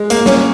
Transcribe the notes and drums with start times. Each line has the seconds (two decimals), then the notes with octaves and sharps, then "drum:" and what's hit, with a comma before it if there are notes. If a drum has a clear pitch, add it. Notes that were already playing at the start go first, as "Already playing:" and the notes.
Already playing: G#3
0.10 A#3, drum: hi-hat
0.26 C#4, drum: snare